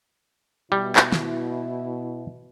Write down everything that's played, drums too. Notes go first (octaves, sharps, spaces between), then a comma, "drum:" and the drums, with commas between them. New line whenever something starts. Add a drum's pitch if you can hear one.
B2 G3 E4
drum: clap
drum: snare